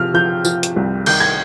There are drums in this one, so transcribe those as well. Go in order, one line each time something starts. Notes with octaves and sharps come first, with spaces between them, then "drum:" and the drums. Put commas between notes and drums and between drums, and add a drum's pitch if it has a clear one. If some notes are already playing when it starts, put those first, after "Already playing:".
Already playing: C3 F3 F6
F3 G6
F3, drum: tambourine
drum: hi-hat
C2
D#3 G6, drum: cymbal
G#6